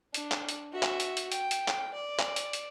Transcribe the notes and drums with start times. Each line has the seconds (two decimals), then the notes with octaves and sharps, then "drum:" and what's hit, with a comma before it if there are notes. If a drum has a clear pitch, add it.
0.14 D4, drum: hi-hat
0.31 drum: clap
0.49 drum: hi-hat
0.73 F#4 E5
0.83 drum: clap
1.00 drum: hi-hat
1.17 drum: hi-hat
1.32 G5, drum: hi-hat
1.51 drum: hi-hat
1.68 drum: clap
1.94 D5
2.19 drum: clap
2.36 drum: hi-hat
2.53 drum: hi-hat